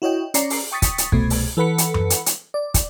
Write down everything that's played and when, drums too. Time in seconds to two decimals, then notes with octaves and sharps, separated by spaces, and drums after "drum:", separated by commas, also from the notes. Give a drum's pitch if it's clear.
0.02 E4 F#4 C#5 D#5 G5
0.34 C#4 C#5 D5 A#5 C7, drum: hi-hat
0.50 drum: open hi-hat
0.72 G5 C#6 D#6 A6 B6 C#7
0.82 drum: kick, hi-hat
0.98 drum: hi-hat
1.12 C2 B2 A3 G#6, drum: kick
1.30 drum: open hi-hat
1.57 E3 A4 B4 F#5 B5 C#7
1.78 drum: hi-hat
1.94 drum: tom F#2
2.10 drum: hi-hat
2.26 drum: hi-hat
2.54 D5
2.74 drum: kick, hi-hat